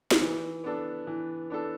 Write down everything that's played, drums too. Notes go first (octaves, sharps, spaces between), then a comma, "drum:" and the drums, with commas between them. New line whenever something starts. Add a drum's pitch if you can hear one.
drum: snare
E3
B3 D4 A4
E3
B3 D4 A4